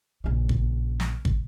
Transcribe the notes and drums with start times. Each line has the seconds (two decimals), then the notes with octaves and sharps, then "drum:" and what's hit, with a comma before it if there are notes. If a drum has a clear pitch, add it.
0.24 A#1 C#3
0.49 drum: kick
1.00 drum: snare
1.25 drum: kick